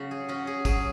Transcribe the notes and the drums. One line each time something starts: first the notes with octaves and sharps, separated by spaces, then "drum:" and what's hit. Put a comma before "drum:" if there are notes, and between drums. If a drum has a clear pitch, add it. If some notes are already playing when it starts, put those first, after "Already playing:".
Already playing: C#3 F#3 F#4
G#4
C#4 F#4
G#4
F#3 G#4, drum: kick, tambourine